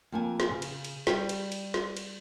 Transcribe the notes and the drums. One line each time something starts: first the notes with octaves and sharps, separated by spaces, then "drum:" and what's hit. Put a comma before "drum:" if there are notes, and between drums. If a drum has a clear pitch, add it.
F2 A#3 G#5
drum: snare
C#3
drum: cymbal
drum: cymbal
G3, drum: snare
drum: cymbal
drum: cymbal
drum: snare
drum: cymbal